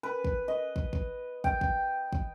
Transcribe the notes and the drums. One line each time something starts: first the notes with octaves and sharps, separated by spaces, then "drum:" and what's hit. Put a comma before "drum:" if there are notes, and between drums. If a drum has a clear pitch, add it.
B4
drum: kick
D#5
drum: kick
drum: kick
G5, drum: kick
drum: kick
drum: kick